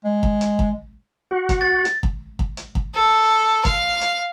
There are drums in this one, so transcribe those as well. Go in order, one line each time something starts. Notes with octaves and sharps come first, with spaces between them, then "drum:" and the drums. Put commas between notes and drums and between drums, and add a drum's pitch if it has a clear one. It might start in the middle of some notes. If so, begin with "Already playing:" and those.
G#3
drum: kick
drum: hi-hat
drum: kick
F#4
drum: kick, hi-hat
A6
drum: hi-hat
drum: kick
drum: kick
drum: hi-hat
drum: kick
A4
F5, drum: kick, hi-hat
drum: hi-hat